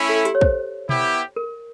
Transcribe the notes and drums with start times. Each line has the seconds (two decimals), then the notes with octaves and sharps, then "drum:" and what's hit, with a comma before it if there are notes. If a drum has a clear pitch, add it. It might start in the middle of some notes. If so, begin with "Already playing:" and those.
Already playing: A3 C#4 E4
0.09 A4
0.25 G4, drum: hi-hat
0.35 C#5
0.41 C5, drum: kick
0.89 B3 E4 G4, drum: tom B2
1.36 A#4